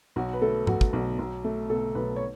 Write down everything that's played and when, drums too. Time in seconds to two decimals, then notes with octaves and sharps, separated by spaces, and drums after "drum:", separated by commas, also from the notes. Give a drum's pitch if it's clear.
0.16 B1 F#4
0.33 B4
0.42 A3 A4
0.67 B2 F#4, drum: tom G#2
0.81 drum: kick
0.93 B1
1.19 B1
1.44 A3
1.70 B2 A4
1.95 B1 B4
2.16 C#5